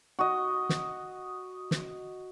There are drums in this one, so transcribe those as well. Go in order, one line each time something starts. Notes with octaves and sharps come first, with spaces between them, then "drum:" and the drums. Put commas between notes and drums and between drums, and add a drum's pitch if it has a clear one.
F#4 D#5
drum: snare
drum: snare